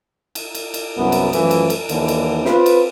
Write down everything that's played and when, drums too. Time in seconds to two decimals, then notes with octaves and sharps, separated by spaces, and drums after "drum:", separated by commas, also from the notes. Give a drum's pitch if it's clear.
0.35 drum: cymbal
0.55 drum: cymbal
0.74 drum: cymbal
0.98 C2 F#2 B3 E4
1.12 drum: cymbal
1.33 F#2 E3 F3 A3, drum: cymbal
1.51 drum: cymbal
1.70 drum: cymbal
1.89 D#2 D3 E3 D#4, drum: cymbal
2.08 drum: cymbal
2.45 C4 F4 B4, drum: snare
2.66 drum: cymbal